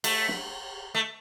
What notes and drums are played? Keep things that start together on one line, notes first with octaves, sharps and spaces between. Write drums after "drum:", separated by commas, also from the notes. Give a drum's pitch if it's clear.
A3, drum: cymbal
drum: snare
A3